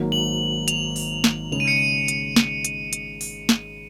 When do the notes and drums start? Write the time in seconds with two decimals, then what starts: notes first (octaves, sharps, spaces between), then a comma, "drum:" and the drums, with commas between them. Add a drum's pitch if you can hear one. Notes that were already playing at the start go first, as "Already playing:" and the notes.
Already playing: G#1 G#2 F#3 A#3
0.12 F#7
0.68 F7, drum: hi-hat
0.96 drum: open hi-hat
1.24 drum: snare
1.51 C#3 G#3 D#4 G#4 F7
1.60 D#7
1.68 C#7
1.76 D#7
2.08 drum: hi-hat
2.36 drum: snare
2.65 drum: hi-hat
2.93 drum: hi-hat
3.21 drum: open hi-hat
3.49 drum: snare